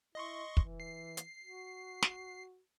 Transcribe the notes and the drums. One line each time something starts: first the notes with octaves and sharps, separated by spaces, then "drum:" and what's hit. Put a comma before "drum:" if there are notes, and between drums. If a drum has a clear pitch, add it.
E4 D#5 C6 C#6
E3, drum: kick
C7
drum: hi-hat
F#4
drum: snare